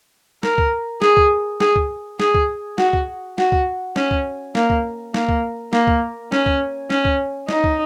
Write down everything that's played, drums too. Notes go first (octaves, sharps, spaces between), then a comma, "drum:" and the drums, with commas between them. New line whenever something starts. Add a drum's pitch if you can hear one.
A#4, drum: snare
drum: kick
G#4, drum: snare
drum: kick
G#4, drum: snare
drum: kick
G#4, drum: snare
drum: kick
F#4, drum: snare
drum: kick
F#4, drum: snare
drum: kick
C#4, drum: snare
drum: kick
A#3, drum: snare
drum: kick
A#3, drum: snare
drum: kick
A#3, drum: snare
drum: kick
C#4, drum: snare
drum: kick
C#4, drum: snare
drum: kick
D#4, drum: snare
drum: kick